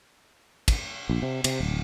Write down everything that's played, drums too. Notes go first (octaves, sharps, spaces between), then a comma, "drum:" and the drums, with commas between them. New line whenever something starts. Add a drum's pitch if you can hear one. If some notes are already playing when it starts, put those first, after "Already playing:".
drum: kick, cymbal
A#1
C3
C3, drum: cymbal
D1